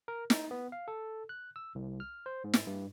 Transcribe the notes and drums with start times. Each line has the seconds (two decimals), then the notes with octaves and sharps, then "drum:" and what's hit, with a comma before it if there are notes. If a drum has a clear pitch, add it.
0.08 A#4
0.30 D#4, drum: snare
0.51 B3
0.72 F5
0.88 A4
1.29 F#6
1.56 E6
1.75 C2
2.00 F6
2.26 C5
2.44 G#2
2.54 drum: snare
2.67 G2